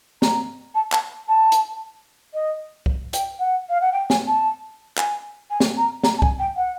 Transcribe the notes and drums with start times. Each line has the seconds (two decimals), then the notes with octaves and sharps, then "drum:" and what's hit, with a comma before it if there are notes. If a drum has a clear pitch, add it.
0.22 A#5, drum: snare
0.75 A5
0.92 A5, drum: clap
1.28 A5
1.52 drum: hi-hat
2.34 D#5
2.86 drum: kick C2
3.13 G5, drum: hi-hat
3.39 F#5
3.69 F5
3.81 F#5
3.92 G5
4.10 G#5, drum: snare
4.27 A5
4.97 G#5, drum: clap
5.50 G#5
5.60 drum: snare
5.77 A#5
6.04 A#5, drum: snare
6.18 A5
6.22 G#5, drum: kick C2
6.39 G5
6.56 F#5